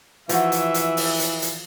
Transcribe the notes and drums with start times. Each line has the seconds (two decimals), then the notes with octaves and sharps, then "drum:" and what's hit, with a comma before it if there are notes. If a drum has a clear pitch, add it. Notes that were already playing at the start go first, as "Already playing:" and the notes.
0.29 E3 F3 F#4 E5, drum: hi-hat
0.52 drum: hi-hat
0.74 drum: hi-hat
0.97 drum: open hi-hat
1.19 drum: hi-hat
1.42 drum: hi-hat